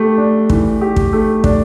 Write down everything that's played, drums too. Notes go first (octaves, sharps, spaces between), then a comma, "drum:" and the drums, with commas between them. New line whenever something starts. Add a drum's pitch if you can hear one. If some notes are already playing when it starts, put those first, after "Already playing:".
Already playing: A3 G4
D4
E3, drum: kick
G4
drum: kick
A3
D4, drum: kick